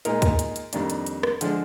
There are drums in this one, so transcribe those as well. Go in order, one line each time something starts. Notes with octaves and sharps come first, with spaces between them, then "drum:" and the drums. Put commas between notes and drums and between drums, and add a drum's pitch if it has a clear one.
A#2 G#3 D#4 A#4, drum: hi-hat
drum: kick, hi-hat
drum: hi-hat
drum: hi-hat
F2 D#3 G3 A#3 D4, drum: hi-hat
drum: hi-hat
drum: hi-hat
drum: rim click
D3 F3 G#3 D4, drum: hi-hat